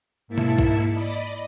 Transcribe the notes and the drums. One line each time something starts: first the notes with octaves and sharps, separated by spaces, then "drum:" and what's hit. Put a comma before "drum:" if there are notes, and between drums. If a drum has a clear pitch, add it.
G#2 A#3 E4 E5 A5 C#7
drum: tom B2
drum: kick
D5 D#5 B5 D6